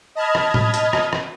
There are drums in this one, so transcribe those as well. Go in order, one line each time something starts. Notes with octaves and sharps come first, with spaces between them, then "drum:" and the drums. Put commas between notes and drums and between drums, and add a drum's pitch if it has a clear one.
D#5 A5 B5 F6 G#6
drum: rim click
drum: tom A2
drum: hi-hat
drum: rim click
drum: rim click